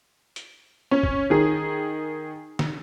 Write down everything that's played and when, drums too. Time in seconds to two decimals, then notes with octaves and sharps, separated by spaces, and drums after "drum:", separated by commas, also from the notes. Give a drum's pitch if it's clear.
0.36 drum: hi-hat
0.91 C#4
1.03 drum: kick
1.30 D#3 G#4
2.59 drum: snare